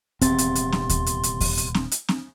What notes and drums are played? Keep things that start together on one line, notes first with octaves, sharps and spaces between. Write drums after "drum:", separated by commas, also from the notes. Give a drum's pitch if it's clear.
D#1 E2 C3 C4 C6 A6, drum: hi-hat
drum: hi-hat
drum: hi-hat
drum: snare
drum: kick D#2, hi-hat
drum: hi-hat
drum: hi-hat
drum: kick D#2, open hi-hat
drum: hi-hat
drum: snare
drum: hi-hat
drum: snare